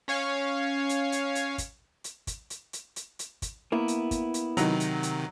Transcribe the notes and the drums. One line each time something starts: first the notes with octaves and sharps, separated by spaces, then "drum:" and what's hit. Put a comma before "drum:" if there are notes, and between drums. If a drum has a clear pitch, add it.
C#4 C#5 F5
drum: hi-hat
drum: hi-hat
drum: hi-hat
drum: kick, hi-hat
drum: hi-hat
drum: kick, hi-hat
drum: hi-hat
drum: hi-hat
drum: hi-hat
drum: hi-hat
drum: kick, hi-hat
A#3 B3 E4
drum: hi-hat
drum: kick, hi-hat
drum: hi-hat
C3 D#3 F#3 D#4, drum: hi-hat
drum: hi-hat
drum: hi-hat